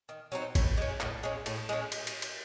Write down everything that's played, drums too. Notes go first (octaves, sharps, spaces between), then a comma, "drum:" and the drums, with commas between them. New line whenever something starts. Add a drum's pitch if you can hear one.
D#3
F#3 C4 D#4
A2, drum: kick G#1, cymbal
G#3 C#4
A2, drum: clap
G#3 C#4
A2, drum: cymbal
G#3 C#4
drum: cymbal
drum: cymbal
drum: cymbal